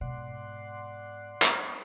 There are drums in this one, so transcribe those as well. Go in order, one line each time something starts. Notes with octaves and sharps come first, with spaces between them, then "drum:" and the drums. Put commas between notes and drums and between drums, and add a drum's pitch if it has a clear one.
G#2 B2 D5 F#5 C6
drum: clap